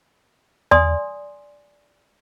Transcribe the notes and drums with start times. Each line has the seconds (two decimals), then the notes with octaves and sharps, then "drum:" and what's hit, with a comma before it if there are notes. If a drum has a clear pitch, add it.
0.71 D5 G#5 C6 D#6, drum: tom E2